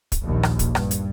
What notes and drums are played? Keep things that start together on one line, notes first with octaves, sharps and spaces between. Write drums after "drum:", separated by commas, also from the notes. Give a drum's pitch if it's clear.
drum: kick, hi-hat
A#1 D#2
drum: rim click
drum: kick, hi-hat
G2, drum: rim click
drum: hi-hat